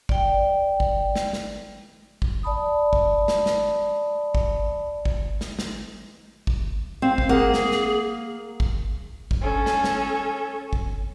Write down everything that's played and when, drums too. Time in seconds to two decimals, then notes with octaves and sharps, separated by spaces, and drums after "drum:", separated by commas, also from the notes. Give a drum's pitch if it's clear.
0.09 D5 G5, drum: kick G#1
0.80 drum: kick G#1
1.15 drum: snare
1.33 drum: snare
2.22 drum: kick G#1
2.43 D5 A5 B5 D#6
2.93 drum: kick G#1
3.28 drum: snare
3.46 drum: snare
4.35 drum: kick G#1
5.05 drum: kick G#1
5.41 drum: snare
5.59 drum: snare
6.47 drum: kick G#1
7.02 C4 F5
7.18 drum: kick G#1
7.29 A#3 G#4 F#5
7.54 drum: snare
7.71 drum: snare
8.60 drum: kick G#1
9.31 drum: kick G#1
9.41 C#4 A4
9.66 drum: snare
9.84 drum: snare
10.73 drum: kick G#1